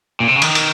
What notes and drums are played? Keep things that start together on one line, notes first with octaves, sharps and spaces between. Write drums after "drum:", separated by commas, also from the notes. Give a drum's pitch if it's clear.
A#2
C3
C#3
D#3, drum: cymbal
drum: cymbal